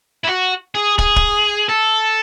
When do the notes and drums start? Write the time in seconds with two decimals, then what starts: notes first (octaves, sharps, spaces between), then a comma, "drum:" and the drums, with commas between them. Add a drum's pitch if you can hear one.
0.24 E4
0.27 F#4
0.75 G#4
0.98 G#4, drum: kick
1.16 drum: kick
1.69 A4